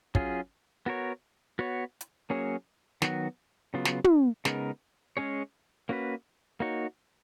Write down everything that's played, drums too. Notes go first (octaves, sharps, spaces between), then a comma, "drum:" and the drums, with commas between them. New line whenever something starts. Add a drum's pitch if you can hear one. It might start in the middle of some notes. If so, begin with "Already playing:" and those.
F#3 C#4 F4 G#4, drum: kick
B3 F#4 A#4 C#5
B3 F#4 C#5
drum: hi-hat
F#3 A#3 C#4 G#4 C#5
D#3 F#3 B3 F#4, drum: snare
C#3 F#3 B3 F4
drum: snare
drum: tom
C#3 G#3 B3 D#4 A#4, drum: snare
G#3 C#4 G#4 C#5
A#3 C#4 F#4 B4
A#3 D#4 F#4 C#5